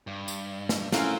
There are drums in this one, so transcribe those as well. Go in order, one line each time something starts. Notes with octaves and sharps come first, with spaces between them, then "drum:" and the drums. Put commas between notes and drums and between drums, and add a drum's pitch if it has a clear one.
G2
drum: tambourine
drum: snare
A2 C4 C#4 F4 F#4 A#4, drum: snare